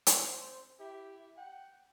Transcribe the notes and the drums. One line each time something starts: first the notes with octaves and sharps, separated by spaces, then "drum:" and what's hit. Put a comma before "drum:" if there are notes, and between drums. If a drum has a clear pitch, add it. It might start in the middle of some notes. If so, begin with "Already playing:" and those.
drum: hi-hat
C4 C5
E4 G4
F#5 G5